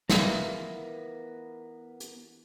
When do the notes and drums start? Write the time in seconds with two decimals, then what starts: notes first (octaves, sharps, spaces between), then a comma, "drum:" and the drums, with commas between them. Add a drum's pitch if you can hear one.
0.09 E3 B3 F4 A#4 B4, drum: snare
2.00 drum: hi-hat